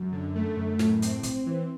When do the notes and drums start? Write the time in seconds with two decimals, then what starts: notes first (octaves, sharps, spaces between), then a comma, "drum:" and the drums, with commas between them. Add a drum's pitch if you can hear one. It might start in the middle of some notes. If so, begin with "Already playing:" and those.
Already playing: F#2
0.12 D3
0.36 A3
0.57 F#2
0.79 A2, drum: snare
1.02 C4, drum: hi-hat
1.23 C4, drum: kick, hi-hat
1.46 E3